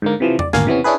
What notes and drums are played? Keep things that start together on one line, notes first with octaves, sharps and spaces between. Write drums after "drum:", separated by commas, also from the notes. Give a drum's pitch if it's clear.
G#2 D3 A#3
C3 E3 F3
D5, drum: tom E2
G#1 D2 A#2 A#3 F5 G#5, drum: snare
C3 E3 B3 C#4
C#4 D4 E4 G#4 B4